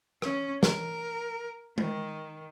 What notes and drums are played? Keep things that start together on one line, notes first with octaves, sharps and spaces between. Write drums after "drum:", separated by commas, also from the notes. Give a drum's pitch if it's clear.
C#4, drum: rim click
A#4, drum: snare
D#3, drum: tom G#3